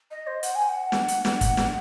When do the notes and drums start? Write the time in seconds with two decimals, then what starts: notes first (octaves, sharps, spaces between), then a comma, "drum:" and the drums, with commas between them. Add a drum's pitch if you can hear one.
0.11 D#5
0.27 C5
0.43 F#5, drum: hi-hat
0.55 G#5
0.69 F#5
0.92 drum: snare
1.08 drum: hi-hat
1.25 drum: snare
1.41 drum: kick, hi-hat
1.57 drum: snare